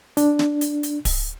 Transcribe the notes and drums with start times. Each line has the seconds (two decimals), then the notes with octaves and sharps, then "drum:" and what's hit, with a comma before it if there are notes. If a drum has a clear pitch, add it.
0.17 D4, drum: hi-hat
0.39 drum: snare
0.61 drum: hi-hat
0.83 drum: hi-hat
1.05 drum: kick D1, open hi-hat